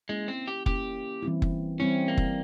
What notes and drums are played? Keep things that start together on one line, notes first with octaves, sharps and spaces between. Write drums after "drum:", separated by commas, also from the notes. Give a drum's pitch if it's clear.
G#3 A#3 C#4 E4
C4
G4
A#3 C#4 E4 G4, drum: kick
E3 G3 C4 E4
drum: kick
E3 G3 C4 C#4 E4
A#3
drum: kick